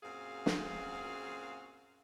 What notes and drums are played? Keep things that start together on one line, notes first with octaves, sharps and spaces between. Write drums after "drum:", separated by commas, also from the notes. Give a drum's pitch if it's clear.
F#2 A#2 C4 F#4 G#4 F5
drum: snare